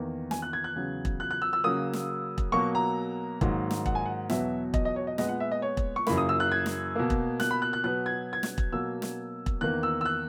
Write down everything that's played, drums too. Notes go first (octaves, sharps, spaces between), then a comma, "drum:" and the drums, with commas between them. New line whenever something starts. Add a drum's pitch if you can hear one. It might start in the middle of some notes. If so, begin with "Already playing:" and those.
Already playing: E2 D#3 A#3
G#5, drum: snare
F#6
G#6
F#6
E2 C#3 F#3
drum: kick E1
F#6
F#6
E6
E6
C#3 F#3 A#3 D#6
drum: snare
drum: kick E1
B2 F#3 A#3 C#6
A#5
G#2 D#3 F#3 A#3, drum: kick E1
drum: snare
F#5, drum: kick E1
G#5
F#5
E2 B2 F#3 B3 E5, drum: snare
D#5, drum: kick E1
D#5
C#5
D#5
A#2 G#3 B3 D#5, drum: snare
F#5
E5
D#5
C#5
drum: kick E1
C#6
F#2 C#3 E3 A#3 B5, drum: snare
D#6
E6
F#6
G#6
drum: snare
B2 A#3
drum: kick E1
F#6, drum: snare
B5
F#6
F#6
B2 F#3 B3 F#6
G#6
G#6
drum: snare
drum: kick E1
B2 F#3 A#3 E6
drum: snare
drum: kick E1
E2 D#3 A#3 F#6
E6
E6
F#6